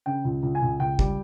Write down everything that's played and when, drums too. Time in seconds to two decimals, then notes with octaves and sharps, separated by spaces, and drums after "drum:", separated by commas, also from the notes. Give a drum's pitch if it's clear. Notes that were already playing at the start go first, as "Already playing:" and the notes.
0.06 C#3 G5
0.25 C#2
0.43 C#2
0.55 G#5
0.62 C#2
0.79 C#2 G5
0.99 G3, drum: kick